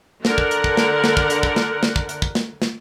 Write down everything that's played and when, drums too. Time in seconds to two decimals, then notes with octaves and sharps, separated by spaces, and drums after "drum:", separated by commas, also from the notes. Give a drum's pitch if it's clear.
0.25 D3 A#4 F#5, drum: snare
0.38 drum: kick
0.51 drum: hi-hat
0.64 drum: kick
0.77 drum: snare
1.04 drum: snare
1.17 drum: kick
1.30 drum: hi-hat
1.43 drum: kick
1.56 drum: snare
1.83 drum: snare
1.96 drum: kick
2.09 drum: hi-hat
2.22 drum: kick
2.35 drum: snare
2.62 drum: snare